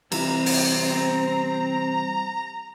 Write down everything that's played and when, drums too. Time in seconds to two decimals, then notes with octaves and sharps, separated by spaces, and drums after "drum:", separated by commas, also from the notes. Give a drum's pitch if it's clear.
0.12 C3 E3 G3 C4 A#5, drum: cymbal
0.46 drum: open hi-hat